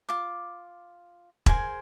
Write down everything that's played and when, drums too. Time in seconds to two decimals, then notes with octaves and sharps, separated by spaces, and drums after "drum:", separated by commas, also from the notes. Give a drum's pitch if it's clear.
0.09 F4 D6
1.46 G#4 A#4 C5 G#5, drum: kick E1